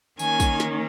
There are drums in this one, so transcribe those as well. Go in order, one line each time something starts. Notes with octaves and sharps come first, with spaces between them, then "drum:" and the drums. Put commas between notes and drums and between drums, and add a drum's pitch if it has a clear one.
D#3 A#3 C#4 G#5, drum: tambourine
drum: kick, tambourine
drum: snare